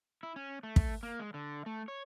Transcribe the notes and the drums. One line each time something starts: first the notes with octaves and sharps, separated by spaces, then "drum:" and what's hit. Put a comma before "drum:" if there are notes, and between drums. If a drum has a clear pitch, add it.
E4
C#4
A3
drum: kick
A#3
G#3
D3
A3
C#5